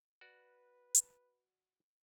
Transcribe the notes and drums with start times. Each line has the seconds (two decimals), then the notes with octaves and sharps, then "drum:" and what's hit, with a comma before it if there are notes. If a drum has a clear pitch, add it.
0.21 F#4 B4 D5
0.95 drum: hi-hat